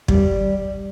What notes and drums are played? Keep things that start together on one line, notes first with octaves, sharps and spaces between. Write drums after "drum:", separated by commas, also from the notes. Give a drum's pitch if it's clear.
G3, drum: kick